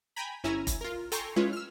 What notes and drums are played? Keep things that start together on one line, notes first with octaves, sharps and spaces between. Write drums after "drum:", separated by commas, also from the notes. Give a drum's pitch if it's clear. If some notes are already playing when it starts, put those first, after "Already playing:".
G5 G#5 A#5 B5
G1 C#4 E4 G#5 A#5 E6
drum: kick F1, hi-hat
F4 A#4
A4 G5 G#5 A#5 C6 C#6, drum: hi-hat
G#3 C#4 E4 F4 B4 C#5
E6 F6